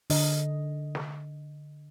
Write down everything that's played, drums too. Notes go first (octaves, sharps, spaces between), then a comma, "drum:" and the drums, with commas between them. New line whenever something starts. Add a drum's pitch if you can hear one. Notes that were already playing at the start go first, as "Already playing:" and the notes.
D3 D#5, drum: open hi-hat
drum: snare